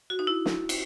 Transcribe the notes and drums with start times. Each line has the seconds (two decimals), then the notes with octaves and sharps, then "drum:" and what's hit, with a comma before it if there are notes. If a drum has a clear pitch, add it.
0.10 F#4
0.19 D#4
0.27 E4
0.46 drum: snare
0.69 drum: cymbal